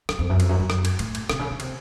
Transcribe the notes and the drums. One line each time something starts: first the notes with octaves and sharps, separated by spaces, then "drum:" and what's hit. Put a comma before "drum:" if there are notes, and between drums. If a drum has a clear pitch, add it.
F#2, drum: rim click
F2
F#2
F2, drum: cymbal
F#2
F#2
drum: rim click
drum: cymbal
A2, drum: cymbal
drum: cymbal
C3, drum: rim click
C#3
C#3
C3, drum: cymbal